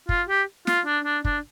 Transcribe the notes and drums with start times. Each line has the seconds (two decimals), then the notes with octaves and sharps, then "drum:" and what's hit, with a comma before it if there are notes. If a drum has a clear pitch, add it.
0.09 F4, drum: kick
0.29 G4
0.67 F4, drum: snare
0.86 D4
1.05 D4
1.25 D4, drum: kick